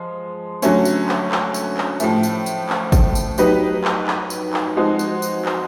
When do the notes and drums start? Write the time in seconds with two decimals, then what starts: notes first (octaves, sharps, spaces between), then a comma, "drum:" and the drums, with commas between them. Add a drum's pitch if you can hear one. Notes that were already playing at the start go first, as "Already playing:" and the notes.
Already playing: F3 G#3
0.62 D3 F#3 A3 C#4, drum: tambourine
0.85 drum: tambourine
1.08 drum: clap
1.31 drum: clap
1.54 drum: tambourine
1.77 drum: clap
2.00 A2 F3 A3, drum: tambourine
2.23 drum: tambourine
2.46 drum: tambourine
2.69 drum: clap
2.92 drum: kick, tambourine
3.15 drum: tambourine
3.38 F#3 B3 D#4 G4 B4, drum: tambourine
3.84 drum: clap
4.07 drum: clap
4.30 drum: tambourine
4.53 drum: clap
4.77 F3 G#3 C4 D#4 F#4
4.99 drum: tambourine
5.22 drum: tambourine
5.45 drum: clap